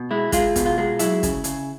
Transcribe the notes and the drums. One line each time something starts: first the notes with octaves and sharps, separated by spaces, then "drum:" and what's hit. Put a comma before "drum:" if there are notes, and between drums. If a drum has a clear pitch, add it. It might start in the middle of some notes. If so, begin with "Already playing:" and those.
Already playing: B2
G#3 E4
G#3 F4, drum: kick, hi-hat
B2, drum: kick, hi-hat
F4
G#3
F#3 E4, drum: hi-hat
C#3, drum: kick, hi-hat
C#3, drum: hi-hat